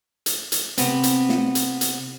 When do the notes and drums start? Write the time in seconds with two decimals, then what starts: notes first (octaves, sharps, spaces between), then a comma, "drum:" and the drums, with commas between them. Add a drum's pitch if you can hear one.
0.26 drum: hi-hat
0.52 drum: hi-hat
0.78 C3 B3 C4, drum: hi-hat
1.03 drum: hi-hat
1.29 drum: snare
1.55 drum: hi-hat
1.81 drum: hi-hat